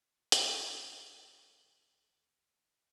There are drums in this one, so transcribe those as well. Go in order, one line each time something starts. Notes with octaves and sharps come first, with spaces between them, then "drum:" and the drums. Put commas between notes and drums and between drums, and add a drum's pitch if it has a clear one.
D#1 E2, drum: hi-hat